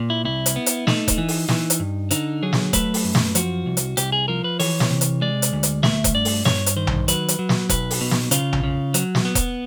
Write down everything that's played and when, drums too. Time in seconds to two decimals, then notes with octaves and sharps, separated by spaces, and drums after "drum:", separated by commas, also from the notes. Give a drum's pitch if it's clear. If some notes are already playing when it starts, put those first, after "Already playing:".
Already playing: A#2
0.10 E4
0.25 C2 E4
0.46 drum: hi-hat
0.56 B3
0.66 drum: hi-hat
0.87 A3 D#4, drum: snare
1.08 drum: kick E1, hi-hat
1.18 E3
1.28 drum: open hi-hat
1.49 E3, drum: snare
1.70 drum: hi-hat
1.80 G2
2.11 D3 D#4, drum: hi-hat
2.42 F#3 G#4
2.53 drum: snare
2.73 A3 B4, drum: kick E1, hi-hat
2.94 drum: open hi-hat
3.04 F#2
3.15 drum: snare
3.35 F3 F#4, drum: hi-hat
3.66 C2
3.77 drum: hi-hat
3.97 C2 G4, drum: hi-hat
4.12 G#4
4.28 F3 A#4
4.44 B4
4.59 E3 C#5, drum: open hi-hat
4.80 drum: snare
4.90 C3
5.01 drum: hi-hat
5.21 G#3 D5
5.42 drum: hi-hat
5.53 D2
5.63 drum: hi-hat
5.83 A3 E5, drum: snare
6.04 drum: kick E1, hi-hat
6.15 G2 D5
6.25 drum: open hi-hat
6.45 G2 C#5, drum: snare
6.66 drum: hi-hat
6.76 D#3 C5
6.87 drum: tom A#1
7.08 F#3 B4, drum: hi-hat
7.28 drum: hi-hat
7.39 F#3
7.49 drum: snare
7.70 B1 B4, drum: kick E1, hi-hat
7.91 drum: open hi-hat
8.01 B2
8.11 drum: snare
8.31 C#3 F4, drum: hi-hat
8.53 drum: tom A#1
8.64 C#3
8.94 F#3, drum: hi-hat
9.15 drum: snare
9.25 B3
9.35 drum: kick E1, hi-hat